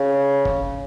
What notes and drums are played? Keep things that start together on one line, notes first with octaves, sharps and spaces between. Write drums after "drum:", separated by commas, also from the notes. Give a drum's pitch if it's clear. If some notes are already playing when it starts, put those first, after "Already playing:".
Already playing: C#3
drum: kick